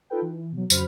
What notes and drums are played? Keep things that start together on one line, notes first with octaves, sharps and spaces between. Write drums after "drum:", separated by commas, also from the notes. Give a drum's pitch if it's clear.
D#4 F4 A4 B4 G5
E3
B2 F#3
F2 C#3 F#3 C5 B5 F6, drum: tambourine